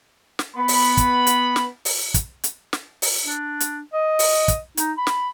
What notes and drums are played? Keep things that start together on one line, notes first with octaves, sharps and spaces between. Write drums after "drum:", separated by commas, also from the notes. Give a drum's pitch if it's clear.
drum: snare
B3 B5
drum: open hi-hat
drum: kick, hi-hat
drum: hi-hat
drum: snare
drum: open hi-hat
drum: kick, hi-hat
drum: hi-hat
drum: snare
drum: open hi-hat
D4
drum: hi-hat
D#5
drum: open hi-hat
drum: kick, hi-hat
D#4, drum: hi-hat
B5
drum: snare